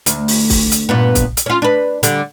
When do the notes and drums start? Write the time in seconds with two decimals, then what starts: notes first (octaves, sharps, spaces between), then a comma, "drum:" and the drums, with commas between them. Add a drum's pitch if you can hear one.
0.06 D2, drum: hi-hat
0.28 drum: open hi-hat
0.50 drum: kick, open hi-hat
0.72 drum: hi-hat
0.89 G2 A#2 B3
1.15 drum: kick, hi-hat
1.37 drum: hi-hat
1.46 C#4 F4
1.62 D4 B4
2.03 D3 G3, drum: hi-hat